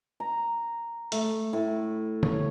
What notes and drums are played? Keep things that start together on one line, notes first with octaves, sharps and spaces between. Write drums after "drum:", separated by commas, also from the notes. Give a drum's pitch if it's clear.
A#5
A3, drum: hi-hat
A2
C#5, drum: tom D3